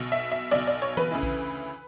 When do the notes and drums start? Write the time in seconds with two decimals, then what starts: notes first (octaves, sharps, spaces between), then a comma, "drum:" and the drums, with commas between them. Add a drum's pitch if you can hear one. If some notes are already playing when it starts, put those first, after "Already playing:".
Already playing: B1 B2
0.12 E5
0.32 E5
0.51 B1 B2 D5
0.67 D5
0.82 C#5
0.97 B4, drum: tom E3
1.11 D2 C#3 E3
1.23 drum: kick A#1